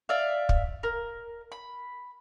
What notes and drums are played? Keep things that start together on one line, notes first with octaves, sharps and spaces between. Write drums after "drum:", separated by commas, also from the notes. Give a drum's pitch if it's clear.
D5 E5 F5
drum: kick
A#4
B5